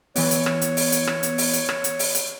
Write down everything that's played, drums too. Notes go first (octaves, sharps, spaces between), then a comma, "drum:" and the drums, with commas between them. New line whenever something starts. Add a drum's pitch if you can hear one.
E3 B3 C#5, drum: open hi-hat
drum: hi-hat
drum: rim click
drum: hi-hat
drum: open hi-hat
drum: hi-hat
drum: rim click
drum: hi-hat
drum: open hi-hat
drum: hi-hat
drum: rim click
drum: hi-hat
drum: open hi-hat
drum: hi-hat